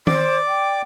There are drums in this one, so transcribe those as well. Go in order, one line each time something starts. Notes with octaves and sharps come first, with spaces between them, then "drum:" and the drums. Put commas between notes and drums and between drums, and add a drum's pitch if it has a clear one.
C5 D5 D6, drum: tom D#3
G5